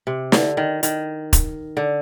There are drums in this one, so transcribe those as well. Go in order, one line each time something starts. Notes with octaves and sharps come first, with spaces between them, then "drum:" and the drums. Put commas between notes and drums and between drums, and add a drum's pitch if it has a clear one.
C3
D3, drum: snare
D#3
D#3, drum: hi-hat
drum: kick, hi-hat
D3